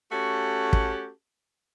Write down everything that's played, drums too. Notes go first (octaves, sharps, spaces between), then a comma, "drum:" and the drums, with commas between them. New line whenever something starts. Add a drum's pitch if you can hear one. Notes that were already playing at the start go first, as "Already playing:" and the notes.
A3 C#4 F#4 G4 A4
drum: kick